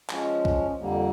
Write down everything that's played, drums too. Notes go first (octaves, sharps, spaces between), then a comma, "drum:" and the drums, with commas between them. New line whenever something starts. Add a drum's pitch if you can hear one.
F3 G#3 C#4, drum: clap
drum: kick B1
F2 D3 G3 A#3